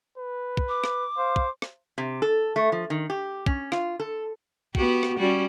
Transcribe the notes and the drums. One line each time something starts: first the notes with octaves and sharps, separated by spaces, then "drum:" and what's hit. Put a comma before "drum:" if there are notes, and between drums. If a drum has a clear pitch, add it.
B4
drum: kick
D6
drum: rim click
C5 F5
drum: kick
drum: rim click
C3
A4
A3
F3
D#3
G4
C#4, drum: kick
F4, drum: rim click
A4
B3 F#4 G4, drum: kick
drum: rim click
G3 C#4 F#4